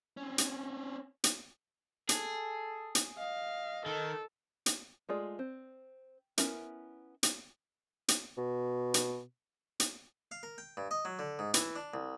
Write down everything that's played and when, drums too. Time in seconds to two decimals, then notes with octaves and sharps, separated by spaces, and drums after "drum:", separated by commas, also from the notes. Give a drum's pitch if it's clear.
0.17 C4 C#4
0.38 drum: hi-hat
1.24 drum: hi-hat
2.09 G#4 A4, drum: hi-hat
2.95 drum: hi-hat
3.18 D#5 F5
3.86 D#3 A4
4.66 drum: hi-hat
5.09 G#3 A3 F4 G#4 D5
5.39 C4
6.38 B3 C#4 E4 A#4 E5, drum: hi-hat
7.23 drum: hi-hat
8.08 drum: hi-hat
8.38 B2
8.94 drum: hi-hat
9.80 drum: hi-hat
10.31 F5
10.43 A#4
10.58 G5
10.77 G2
10.91 D#5
11.05 F#3
11.19 D3
11.39 G#2
11.54 E3, drum: hi-hat
11.76 D4
11.94 C2